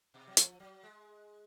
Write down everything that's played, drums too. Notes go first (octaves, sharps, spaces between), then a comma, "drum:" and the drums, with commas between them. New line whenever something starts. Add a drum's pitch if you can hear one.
B2
F#3
F3, drum: hi-hat
F#3
G#3